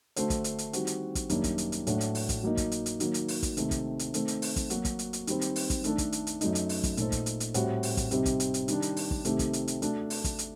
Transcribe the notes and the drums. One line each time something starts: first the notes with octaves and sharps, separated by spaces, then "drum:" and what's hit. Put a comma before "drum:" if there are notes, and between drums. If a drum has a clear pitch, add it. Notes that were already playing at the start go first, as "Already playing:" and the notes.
D3 A3 D4 F#4 C5, drum: hi-hat
drum: kick, hi-hat
drum: hi-hat
drum: hi-hat
D#3 G3 C4 F#4, drum: hi-hat
drum: hi-hat
drum: kick, hi-hat
F#2 D#3 G3 A#3 D4, drum: hi-hat
drum: kick, hi-hat
drum: hi-hat
drum: hi-hat
A2 F#3 A3 D4 F#4, drum: hi-hat
drum: hi-hat
drum: open hi-hat
drum: kick, hi-hat
F#3 A#3 D#4
drum: kick, hi-hat
drum: hi-hat
drum: hi-hat
D#3 F#3 A#3, drum: hi-hat
drum: hi-hat
drum: open hi-hat
drum: kick, hi-hat
C3 D#3 A3 C4, drum: hi-hat
drum: kick, hi-hat
drum: hi-hat
D#3 A3 C4, drum: hi-hat
drum: hi-hat
drum: open hi-hat
drum: kick, hi-hat
F#3 A#3 F#4, drum: hi-hat
drum: kick, hi-hat
drum: hi-hat
drum: hi-hat
D#3 G3 C4, drum: hi-hat
drum: hi-hat
drum: open hi-hat
drum: kick, hi-hat
D#3 A3 D4 A4, drum: hi-hat
drum: kick, hi-hat
drum: hi-hat
drum: hi-hat
F#2 F#3 A3 D#4, drum: hi-hat
drum: hi-hat
drum: open hi-hat
drum: kick, hi-hat
A#2 A3 D#4 A4 C5, drum: hi-hat
drum: kick, hi-hat
drum: hi-hat
drum: hi-hat
A2 G3 C4 F#4, drum: hi-hat
drum: open hi-hat
drum: kick, hi-hat
C3 G3 C4 D#4 G4, drum: hi-hat
drum: kick, hi-hat
drum: hi-hat
drum: hi-hat
D#3 G3 D4, drum: hi-hat
drum: hi-hat
drum: open hi-hat
drum: kick
C3 D#3 A3 C4 G4, drum: hi-hat
drum: kick, hi-hat
drum: hi-hat
drum: hi-hat
A3 D4 F#4, drum: hi-hat
drum: open hi-hat
drum: kick, hi-hat
drum: hi-hat